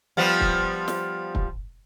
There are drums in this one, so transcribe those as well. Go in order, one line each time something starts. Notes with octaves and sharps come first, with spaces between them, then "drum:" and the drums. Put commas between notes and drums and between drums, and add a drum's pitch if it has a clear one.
F3 G3 B3
drum: kick
drum: snare
drum: kick